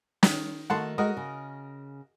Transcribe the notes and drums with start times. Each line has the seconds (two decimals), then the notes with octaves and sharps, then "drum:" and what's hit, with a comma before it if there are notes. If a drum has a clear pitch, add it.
0.23 D#3, drum: snare
0.70 D#3 A3 F#4 F#5 A5 C6
0.98 G#3 F#4 A#4 D#5
1.17 C#3